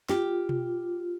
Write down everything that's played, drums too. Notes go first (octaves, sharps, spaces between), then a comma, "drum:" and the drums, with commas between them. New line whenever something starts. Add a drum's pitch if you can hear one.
F4 G4, drum: snare
drum: tom B2